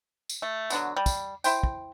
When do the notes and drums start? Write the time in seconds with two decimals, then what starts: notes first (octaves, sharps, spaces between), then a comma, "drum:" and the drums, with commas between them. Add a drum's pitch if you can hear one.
0.29 drum: tambourine
0.42 A3
0.70 B2 D3 F#3, drum: tambourine
0.96 G3
1.06 drum: kick, tambourine
1.44 E4 C5 G5, drum: tambourine
1.63 drum: kick